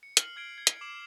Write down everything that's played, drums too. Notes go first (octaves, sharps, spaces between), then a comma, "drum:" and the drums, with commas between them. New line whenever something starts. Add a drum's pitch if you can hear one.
C#7
F6 C7 F#7, drum: hi-hat
F6 G#6 C7 D7
G#6
drum: hi-hat
D6 C7 D7 E7 F#7